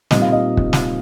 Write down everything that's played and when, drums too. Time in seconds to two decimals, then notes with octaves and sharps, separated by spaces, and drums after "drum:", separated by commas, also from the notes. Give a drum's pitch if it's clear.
0.11 A#2 G3 C4 D#4 D#5, drum: snare
0.22 F5
0.32 D#5
0.57 drum: kick
0.73 drum: snare